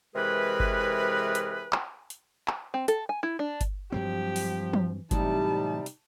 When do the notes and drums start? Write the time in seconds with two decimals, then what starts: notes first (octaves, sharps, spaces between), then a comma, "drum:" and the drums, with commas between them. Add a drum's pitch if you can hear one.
0.15 C3 E3 G#3 G#4 A#4 B4
0.60 drum: kick G1
1.35 drum: hi-hat
1.73 drum: clap
2.10 drum: hi-hat
2.48 drum: clap
2.74 C4
2.88 A4, drum: hi-hat
3.09 G#5
3.23 E4
3.39 D4
3.61 drum: kick G1, hi-hat
3.92 G2 F3 F#3 C4 G4
4.36 drum: open hi-hat
4.73 drum: tom
5.11 A2 C3 E3 F#3 G3 D#4 A5, drum: kick G1, hi-hat
5.86 drum: hi-hat